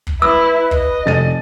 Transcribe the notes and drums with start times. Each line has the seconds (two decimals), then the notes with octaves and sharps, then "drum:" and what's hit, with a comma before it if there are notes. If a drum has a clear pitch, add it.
0.07 drum: kick
0.22 E4 B4 E6
0.71 D#5, drum: kick
1.06 F1 A6 D#7